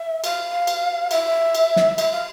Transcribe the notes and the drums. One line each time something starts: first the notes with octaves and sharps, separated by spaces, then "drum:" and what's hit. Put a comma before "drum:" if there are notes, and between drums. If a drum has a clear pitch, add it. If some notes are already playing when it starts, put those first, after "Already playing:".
Already playing: E5
F5, drum: cymbal
drum: cymbal
E5, drum: cymbal
drum: cymbal
drum: snare
E5, drum: cymbal
F5